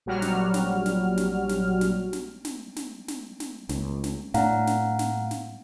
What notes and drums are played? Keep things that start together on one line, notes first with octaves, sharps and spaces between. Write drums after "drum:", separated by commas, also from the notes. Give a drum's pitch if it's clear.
A#1 F#3 G3 F#4 F6
drum: snare
drum: snare
drum: snare
drum: snare
drum: snare
drum: snare
drum: snare
drum: snare
drum: snare
drum: snare
drum: snare
C#2, drum: snare
drum: snare
A2 D4 F5 F#5 A#5, drum: snare
drum: snare
drum: snare
drum: snare